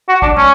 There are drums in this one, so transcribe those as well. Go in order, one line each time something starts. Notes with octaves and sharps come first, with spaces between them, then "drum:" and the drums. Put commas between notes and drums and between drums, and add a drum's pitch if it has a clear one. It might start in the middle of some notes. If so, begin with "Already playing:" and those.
F#4
D4, drum: kick
C#4, drum: tom